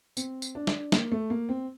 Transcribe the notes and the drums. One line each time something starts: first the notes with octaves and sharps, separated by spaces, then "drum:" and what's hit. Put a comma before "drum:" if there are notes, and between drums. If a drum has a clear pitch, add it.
C4, drum: tambourine
drum: tambourine
D4
drum: snare
A#3, drum: snare
A3
A#3
C4